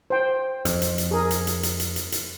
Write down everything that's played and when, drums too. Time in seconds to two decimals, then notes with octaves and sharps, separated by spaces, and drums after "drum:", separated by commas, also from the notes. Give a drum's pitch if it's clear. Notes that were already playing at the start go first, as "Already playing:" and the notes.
0.10 C5 G5
0.65 F2, drum: hi-hat
0.82 drum: hi-hat
0.98 drum: hi-hat
1.11 G#4 A#4
1.31 drum: hi-hat
1.47 drum: hi-hat
1.63 drum: hi-hat
1.80 drum: hi-hat
1.96 drum: hi-hat
2.12 drum: hi-hat